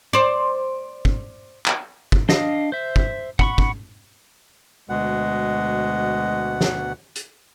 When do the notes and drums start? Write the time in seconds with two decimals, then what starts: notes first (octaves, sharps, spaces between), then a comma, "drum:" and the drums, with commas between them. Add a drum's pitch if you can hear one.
0.13 C5 D5
1.05 drum: kick
1.66 drum: clap
2.12 drum: kick
2.29 D4 D#5 F5 D#6, drum: snare
2.72 C5 E5
2.96 drum: kick
3.39 F#5 B5 C#6, drum: kick
3.58 drum: kick
4.89 D2 B2 G#3 F#5
6.61 drum: snare
7.16 drum: hi-hat